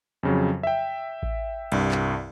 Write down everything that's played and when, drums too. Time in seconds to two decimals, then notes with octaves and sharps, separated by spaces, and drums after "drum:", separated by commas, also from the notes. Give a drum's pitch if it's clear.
0.23 F2 C#3 F#3
0.63 E5 G5
1.23 drum: kick A1
1.72 C2 G2, drum: cymbal
1.91 drum: clap